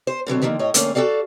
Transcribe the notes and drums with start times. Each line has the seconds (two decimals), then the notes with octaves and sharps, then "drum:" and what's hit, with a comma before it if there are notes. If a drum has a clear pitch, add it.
0.07 C5
0.27 B2 D3 F#3 C4
0.42 D3 D#3 F3 A3 A#3
0.59 A2 C#5 D#5
0.74 F2 G#2 D3 A3 A#3 C#4, drum: hi-hat
0.95 F#4 G4 A4 D5 F5